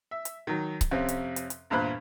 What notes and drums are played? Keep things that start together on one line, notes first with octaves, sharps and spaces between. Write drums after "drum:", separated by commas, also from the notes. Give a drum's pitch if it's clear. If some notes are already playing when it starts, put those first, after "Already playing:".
E5
drum: hi-hat
D#3 F#3
drum: kick C#1, hi-hat
F2 C3 C4 C#4
drum: hi-hat
drum: hi-hat
drum: hi-hat
E2 G2 A#2 C5 B5 F#6